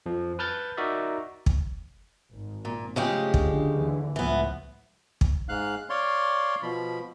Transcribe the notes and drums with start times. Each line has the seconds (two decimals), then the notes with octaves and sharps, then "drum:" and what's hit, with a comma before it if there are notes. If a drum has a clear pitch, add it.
0.06 F2 F3
0.39 B4 A5 F6 G6 A6
0.77 D#4 F#4 A#4 D5 E5
1.46 drum: kick
2.31 G#1
2.65 A#2
2.96 C#3 F3 G#3 A3 G4
3.34 D3, drum: kick
3.72 D#2 E3
4.16 C#2 A2 E3 F3 B3
5.21 drum: kick
5.49 G#2 F5 F#6
5.90 C#5 D5 F5 C6
6.63 B2 F3 B5